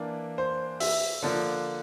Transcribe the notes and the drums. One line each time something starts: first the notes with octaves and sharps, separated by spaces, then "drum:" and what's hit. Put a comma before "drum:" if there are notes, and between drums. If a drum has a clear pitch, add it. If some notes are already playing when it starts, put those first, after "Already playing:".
Already playing: E3 A#3 D4
C5
E5, drum: open hi-hat
D3 F3 A#3 D4